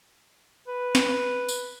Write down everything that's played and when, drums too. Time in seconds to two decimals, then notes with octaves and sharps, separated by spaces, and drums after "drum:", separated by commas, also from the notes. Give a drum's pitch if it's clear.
0.68 B4
0.95 drum: snare
1.49 drum: tambourine